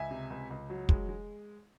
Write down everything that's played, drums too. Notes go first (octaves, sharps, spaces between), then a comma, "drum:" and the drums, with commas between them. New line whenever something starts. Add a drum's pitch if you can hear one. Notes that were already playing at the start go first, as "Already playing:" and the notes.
Already playing: C#2 E5 G#5
C3
C#2
C#2
F#3
G#3, drum: kick
G#3